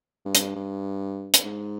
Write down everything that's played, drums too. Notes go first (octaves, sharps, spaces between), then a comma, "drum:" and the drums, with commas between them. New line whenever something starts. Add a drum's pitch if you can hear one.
G2
drum: hi-hat
G2
drum: hi-hat
G#2